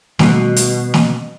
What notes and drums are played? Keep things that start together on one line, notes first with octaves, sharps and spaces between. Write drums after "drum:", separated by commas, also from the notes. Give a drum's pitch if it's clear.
B2 D#3 G3 A3, drum: snare
drum: hi-hat
drum: snare